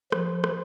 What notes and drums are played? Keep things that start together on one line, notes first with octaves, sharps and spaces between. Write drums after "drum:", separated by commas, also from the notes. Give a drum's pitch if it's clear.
F3, drum: rim click
drum: rim click